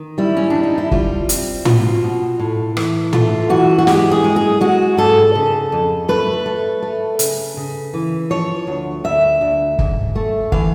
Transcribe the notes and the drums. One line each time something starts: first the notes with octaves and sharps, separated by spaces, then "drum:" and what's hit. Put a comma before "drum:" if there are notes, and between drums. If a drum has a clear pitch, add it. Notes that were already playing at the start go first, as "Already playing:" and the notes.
Already playing: D#3
G3 E4
C#4
G3 D4
D#4
E4
G3 F4, drum: kick
C4, drum: hi-hat
B2 F4, drum: tom
B2
A2
E3, drum: rim click
A3 F4, drum: tom
E3 F#4
F#4
G#3 G4, drum: snare
G#4
G#3
G#4
G#3 F#4
G#2 A4
C#3
F2
A3 B4
A3
A3
C#3, drum: hi-hat
C#3
E3
F3 C#5
D2
D2 E5
D2
G#2, drum: kick
A3
E3 F5, drum: kick